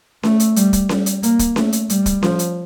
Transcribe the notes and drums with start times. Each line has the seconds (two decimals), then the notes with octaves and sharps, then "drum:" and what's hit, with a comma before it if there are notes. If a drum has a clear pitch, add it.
0.23 A3, drum: snare C#4
0.40 drum: hi-hat
0.56 G3, drum: hi-hat
0.73 drum: kick, hi-hat
0.89 G3, drum: snare C#4
1.06 drum: hi-hat
1.23 A#3, drum: hi-hat
1.39 drum: kick, hi-hat
1.56 A3, drum: snare C#4
1.73 drum: hi-hat
1.90 G3, drum: hi-hat
2.06 drum: kick, hi-hat
2.23 F3, drum: snare C#4
2.39 drum: hi-hat